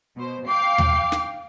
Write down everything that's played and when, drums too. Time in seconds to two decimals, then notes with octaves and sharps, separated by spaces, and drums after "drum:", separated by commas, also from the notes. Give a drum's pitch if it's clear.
0.16 B2 C5
0.48 F5 G5 D6 C7
0.78 drum: tom D#2
1.12 drum: snare